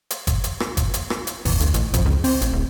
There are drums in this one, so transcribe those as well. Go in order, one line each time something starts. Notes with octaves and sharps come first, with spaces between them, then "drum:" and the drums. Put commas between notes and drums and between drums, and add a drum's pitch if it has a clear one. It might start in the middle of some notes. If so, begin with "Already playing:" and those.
drum: hi-hat
drum: kick G1, hi-hat
drum: hi-hat
drum: rim click
drum: kick G1, hi-hat
drum: hi-hat
drum: rim click
drum: hi-hat
E2, drum: kick G1, open hi-hat
D2, drum: hi-hat
A1, drum: hi-hat
F2, drum: kick G1, hi-hat
C#2
C4, drum: open hi-hat
A1, drum: hi-hat
D1